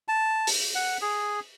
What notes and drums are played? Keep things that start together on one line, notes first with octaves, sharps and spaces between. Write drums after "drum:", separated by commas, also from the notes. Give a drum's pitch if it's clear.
A5
drum: open hi-hat
F#5
G#4